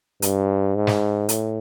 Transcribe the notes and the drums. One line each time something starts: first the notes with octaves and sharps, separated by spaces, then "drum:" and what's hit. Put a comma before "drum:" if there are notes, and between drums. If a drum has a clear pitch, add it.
G2, drum: hi-hat
G#2
drum: snare
A2, drum: hi-hat